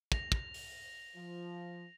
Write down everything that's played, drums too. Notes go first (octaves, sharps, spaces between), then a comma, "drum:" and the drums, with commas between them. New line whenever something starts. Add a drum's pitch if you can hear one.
A#6 F7, drum: kick
drum: kick
drum: open hi-hat
F3